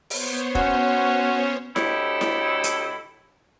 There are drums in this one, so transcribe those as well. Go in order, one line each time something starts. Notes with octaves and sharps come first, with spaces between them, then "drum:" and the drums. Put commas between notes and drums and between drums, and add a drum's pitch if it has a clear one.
B3 C5 C#5, drum: open hi-hat
C#4 F#4, drum: kick
D2 E4 G4 A4 C#5 D#5, drum: snare E4
drum: snare E4
drum: hi-hat